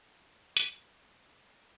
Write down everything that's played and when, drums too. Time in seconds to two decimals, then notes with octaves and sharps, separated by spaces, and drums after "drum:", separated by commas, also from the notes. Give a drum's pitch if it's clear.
0.10 F#5 C6
0.57 A#3, drum: hi-hat
0.91 D#4 E4
1.35 G#4